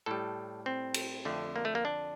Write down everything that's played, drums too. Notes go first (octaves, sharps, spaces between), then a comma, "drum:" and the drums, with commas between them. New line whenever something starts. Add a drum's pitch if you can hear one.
A2 G3 A4
C4
drum: cymbal
F2 D3 A3
A#3
A3
A#3
D4